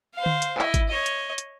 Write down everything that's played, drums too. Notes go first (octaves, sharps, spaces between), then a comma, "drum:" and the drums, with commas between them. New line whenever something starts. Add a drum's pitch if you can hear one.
C5 F5
drum: tom D3
drum: hi-hat
E4 D#5, drum: clap
drum: kick G#1, hi-hat
C#5 D#5
drum: hi-hat
drum: hi-hat